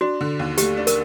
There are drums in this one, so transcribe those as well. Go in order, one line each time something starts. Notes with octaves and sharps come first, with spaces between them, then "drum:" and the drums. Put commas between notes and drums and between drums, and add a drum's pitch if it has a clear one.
D4 F#4
D3
D#2
A3 G4, drum: hi-hat
D4
A#4, drum: hi-hat